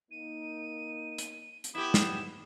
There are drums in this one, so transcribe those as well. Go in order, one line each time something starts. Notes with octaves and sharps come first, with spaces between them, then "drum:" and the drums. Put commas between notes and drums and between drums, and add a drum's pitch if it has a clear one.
A#3 D#4 D#7
drum: hi-hat
drum: hi-hat
B3 E4 G4 E7
drum: snare